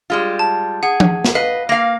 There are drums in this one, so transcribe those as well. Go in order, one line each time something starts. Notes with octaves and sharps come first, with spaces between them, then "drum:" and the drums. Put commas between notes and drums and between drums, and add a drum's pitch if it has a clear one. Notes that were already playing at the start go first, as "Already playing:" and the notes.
G3 G#3 F4
A5
G#4 F#5
drum: tom F3
drum: snare
B4 D#5 F5
A#3 F5 A#6